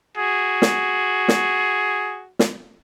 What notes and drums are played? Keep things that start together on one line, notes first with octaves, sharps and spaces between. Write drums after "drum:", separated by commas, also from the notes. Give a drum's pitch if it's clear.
F#4 G#4
drum: snare
drum: snare
drum: snare